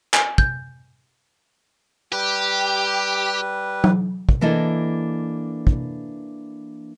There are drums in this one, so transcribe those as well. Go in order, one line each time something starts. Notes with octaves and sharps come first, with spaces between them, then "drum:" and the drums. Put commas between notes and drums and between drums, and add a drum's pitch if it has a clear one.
G#5, drum: clap
G6, drum: kick
G3 G4 B4
drum: tom F#3
drum: kick
E3 A#3 D4 E4 A4 D#5
drum: kick